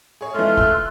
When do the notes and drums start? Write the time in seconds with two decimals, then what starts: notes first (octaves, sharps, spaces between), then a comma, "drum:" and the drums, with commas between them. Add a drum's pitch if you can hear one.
0.21 G#4 C#5
0.34 E3 G#3 A3 F4
0.57 C6 E6 F#6, drum: kick